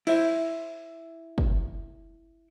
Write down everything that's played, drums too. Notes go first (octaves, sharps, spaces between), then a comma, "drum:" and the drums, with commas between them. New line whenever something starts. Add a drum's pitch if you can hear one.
E4 C5 E5, drum: cymbal
drum: kick